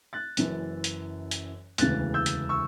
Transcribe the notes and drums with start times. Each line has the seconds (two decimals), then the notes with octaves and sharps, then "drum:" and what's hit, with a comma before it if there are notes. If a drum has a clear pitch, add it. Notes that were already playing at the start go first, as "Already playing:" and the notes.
0.13 F#6 A6
0.37 F#1 F#2 E3, drum: hi-hat
0.84 drum: hi-hat
1.31 drum: hi-hat
1.78 E1 D2 C#3 E3 F#6 A6, drum: hi-hat
2.14 E6 G6
2.26 drum: hi-hat
2.49 C#6 E6